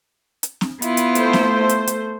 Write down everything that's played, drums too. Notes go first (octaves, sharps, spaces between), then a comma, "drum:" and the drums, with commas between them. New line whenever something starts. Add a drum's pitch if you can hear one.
drum: hi-hat
drum: snare
B3 E4 F4, drum: hi-hat
drum: hi-hat
A3 C5, drum: hi-hat
drum: snare
drum: hi-hat
drum: hi-hat